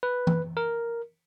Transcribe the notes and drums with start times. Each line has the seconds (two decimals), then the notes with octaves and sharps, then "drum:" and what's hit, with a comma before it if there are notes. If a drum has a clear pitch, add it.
0.03 B4
0.27 drum: tom E3
0.57 A#4